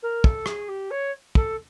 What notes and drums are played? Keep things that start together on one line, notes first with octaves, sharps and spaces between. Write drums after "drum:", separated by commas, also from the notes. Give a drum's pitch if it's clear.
A#4
A4, drum: kick
G#4, drum: rim click
G4
C#5
A4, drum: kick